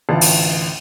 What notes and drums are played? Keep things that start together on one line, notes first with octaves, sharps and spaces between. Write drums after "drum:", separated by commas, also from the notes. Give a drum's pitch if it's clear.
A1 D2 F4 F5 A5
drum: open hi-hat